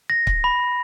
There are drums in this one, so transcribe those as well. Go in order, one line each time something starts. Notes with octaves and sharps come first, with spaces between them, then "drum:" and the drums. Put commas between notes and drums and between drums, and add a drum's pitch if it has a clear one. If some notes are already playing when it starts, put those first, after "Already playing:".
A#6
drum: kick C#1
B5